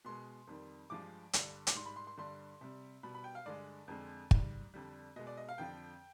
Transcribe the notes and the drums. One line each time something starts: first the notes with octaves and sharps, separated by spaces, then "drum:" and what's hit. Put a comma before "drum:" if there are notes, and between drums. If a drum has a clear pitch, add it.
B2 G#3 C6
F2 D#3 G3
G2 F3 G#3 D6
G2 D3 G3, drum: hi-hat
D6, drum: hi-hat
G#2 G3 C6
B5
C6
C6
G2 D3 G3 C6
C3 G3
B2 G3 B5
B5
G5
F5
G2 D3 G#3 D5
F2 D3 G#3
G#2 G3, drum: kick
F2 D3 G3
B2 G#3 D#5
D5
D#5
F5
F2 D3 F3 G5